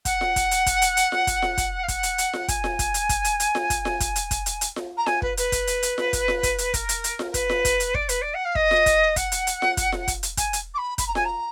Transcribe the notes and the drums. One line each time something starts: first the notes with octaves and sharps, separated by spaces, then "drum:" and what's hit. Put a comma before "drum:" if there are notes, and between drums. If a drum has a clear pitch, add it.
F#5, drum: kick, hi-hat
drum: snare F4
drum: kick, hi-hat
drum: hi-hat
drum: kick, hi-hat
drum: hi-hat
drum: hi-hat
drum: snare F4
drum: kick, hi-hat
drum: snare F4
drum: kick, hi-hat
F5
F#5, drum: kick, hi-hat
drum: hi-hat
drum: hi-hat
drum: snare F4
G#5, drum: kick, hi-hat
drum: snare F4
drum: kick, hi-hat
drum: hi-hat
drum: kick, hi-hat
drum: hi-hat
drum: hi-hat
drum: snare F4
drum: kick, hi-hat
drum: snare F4
drum: kick, hi-hat
drum: hi-hat
drum: kick, hi-hat
drum: hi-hat
drum: hi-hat
drum: snare F4
A#5
G#5, drum: snare F4
B4, drum: kick
B4, drum: hi-hat
drum: kick, hi-hat
drum: hi-hat
drum: hi-hat
drum: snare F4
drum: kick, hi-hat
drum: snare F4
drum: kick, hi-hat
drum: hi-hat
A#4, drum: kick, hi-hat
drum: hi-hat
drum: hi-hat
drum: snare F4
A#4
B4, drum: kick, hi-hat
drum: snare F4
drum: kick, hi-hat
drum: hi-hat
D5, drum: kick
B4, drum: hi-hat
D5
F#5
F5
D#5, drum: kick
drum: snare F4
drum: kick, hi-hat
F#5, drum: kick, hi-hat
drum: hi-hat
drum: hi-hat
drum: snare F4
drum: kick, hi-hat
drum: snare F4
drum: kick, hi-hat
drum: hi-hat
G#5, drum: kick, hi-hat
drum: hi-hat
D6
B5
B5, drum: kick, hi-hat
A#5
G#5, drum: snare F4
A#5